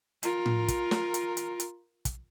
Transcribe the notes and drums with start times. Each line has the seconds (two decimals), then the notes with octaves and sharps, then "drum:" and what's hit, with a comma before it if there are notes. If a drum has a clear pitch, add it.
0.23 F4 A#4, drum: hi-hat
0.46 drum: tom A2
0.68 drum: kick, hi-hat
0.91 drum: snare
1.14 drum: hi-hat
1.37 drum: hi-hat
1.60 drum: hi-hat
2.05 drum: kick, hi-hat